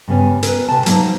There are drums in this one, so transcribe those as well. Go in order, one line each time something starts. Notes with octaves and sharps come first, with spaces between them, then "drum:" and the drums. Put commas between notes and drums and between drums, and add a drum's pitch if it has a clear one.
G2 C#3 B3 C#4
A#4 B4, drum: hi-hat
C3 A5
F#3 A#3 D#4 C5, drum: hi-hat